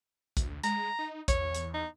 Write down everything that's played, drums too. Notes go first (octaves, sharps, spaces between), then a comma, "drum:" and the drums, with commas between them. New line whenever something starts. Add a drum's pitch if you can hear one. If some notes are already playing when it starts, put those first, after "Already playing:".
D2, drum: kick A#1, hi-hat
G#3 A#5, drum: hi-hat
D#4
E2 C#5, drum: kick A#1, hi-hat
drum: hi-hat
D#4